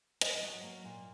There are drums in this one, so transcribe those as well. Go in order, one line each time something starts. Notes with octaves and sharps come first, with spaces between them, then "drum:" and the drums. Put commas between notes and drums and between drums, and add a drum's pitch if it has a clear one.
F#3 D#5, drum: hi-hat
F#3
A#3
A#2